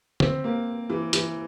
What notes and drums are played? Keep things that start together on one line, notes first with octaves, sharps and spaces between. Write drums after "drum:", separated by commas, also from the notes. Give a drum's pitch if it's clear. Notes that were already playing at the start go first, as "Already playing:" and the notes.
C4, drum: tom
A#3
E3
E3, drum: hi-hat